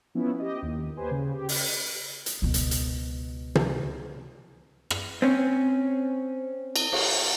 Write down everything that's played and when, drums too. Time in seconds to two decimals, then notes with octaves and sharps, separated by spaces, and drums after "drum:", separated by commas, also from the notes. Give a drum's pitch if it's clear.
0.15 F3 B3 C#4 E4
0.39 G4 D#5
0.62 D#2
0.97 G4 B4 C5 G#5
1.11 C#3
1.33 G4
1.49 drum: open hi-hat
2.26 drum: hi-hat
2.42 C#2 B2
2.54 drum: hi-hat
2.71 drum: hi-hat
3.55 drum: tom
4.90 drum: rim click
5.22 C4 C#4
6.76 drum: cymbal
6.92 drum: cymbal